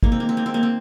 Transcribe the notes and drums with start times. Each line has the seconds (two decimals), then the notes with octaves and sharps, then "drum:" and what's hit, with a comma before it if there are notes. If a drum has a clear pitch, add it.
0.03 D#3 A#3, drum: kick
0.12 C4
0.20 A#3
0.29 C4
0.37 A#3
0.46 C4
0.54 A#3
0.63 C4